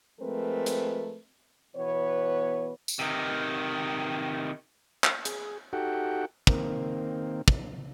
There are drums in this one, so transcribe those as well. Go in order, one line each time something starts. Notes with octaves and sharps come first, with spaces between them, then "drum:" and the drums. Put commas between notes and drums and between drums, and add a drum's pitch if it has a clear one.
F3 G#3 A3 C4 A#4 B4
drum: hi-hat
B2 E3 B3 B4 C#5
drum: tambourine
C3 D#3
drum: clap
G#4, drum: hi-hat
D#4 F#4 G4 A4 F#5 G5
D#3 A#3 C4, drum: kick
drum: kick